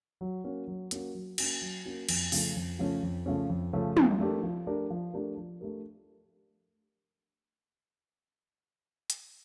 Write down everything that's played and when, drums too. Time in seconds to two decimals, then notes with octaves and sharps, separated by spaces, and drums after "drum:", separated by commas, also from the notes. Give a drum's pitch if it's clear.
0.21 F#3
0.44 A#3 C#4 F#4
0.67 F#3
0.91 A#3 C#4 F#4, drum: hi-hat
1.15 F#3
1.38 A#3 C#4 F#4, drum: cymbal
1.62 F#3
1.85 A#3 C#4 F#4
2.09 F2, drum: cymbal
2.32 C#3 F3 A3 C#4, drum: open hi-hat
2.56 F2
2.79 C#3 F3 A3 C#4
3.03 F2
3.26 C#3 F3 A3 C#4
3.49 F2
3.73 C#3 F3 A3 C#4
3.97 F3, drum: tom
4.20 A3 D4 G4 A#4
4.43 F3
4.67 A3 D4 G4 A#4
4.90 F3
5.14 A3 D4 G4 A#4
5.37 F3
5.61 A3 D4 G4 A#4
9.10 drum: hi-hat